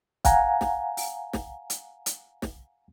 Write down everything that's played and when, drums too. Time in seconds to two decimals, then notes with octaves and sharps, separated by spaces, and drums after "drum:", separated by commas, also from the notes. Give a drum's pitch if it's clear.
0.25 F5 F#5 G#5 A#5, drum: kick, hi-hat
0.61 drum: snare
0.97 drum: open hi-hat
1.33 drum: snare
1.70 drum: hi-hat
2.06 drum: hi-hat
2.42 drum: snare